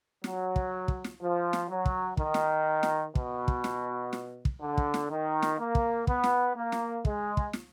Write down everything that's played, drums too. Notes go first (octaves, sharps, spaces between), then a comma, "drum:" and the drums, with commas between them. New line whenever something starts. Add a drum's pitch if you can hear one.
F#3, drum: snare
drum: kick
drum: kick
drum: snare
F3
drum: snare
F#3
drum: kick
D#3, drum: kick
drum: snare
drum: snare
B2, drum: kick
drum: kick
drum: snare
drum: snare
drum: kick
D3
drum: kick
drum: snare
D#3
drum: snare
A#3
drum: kick
B3, drum: kick
drum: snare
A#3
drum: snare
G#3, drum: kick
drum: kick
drum: snare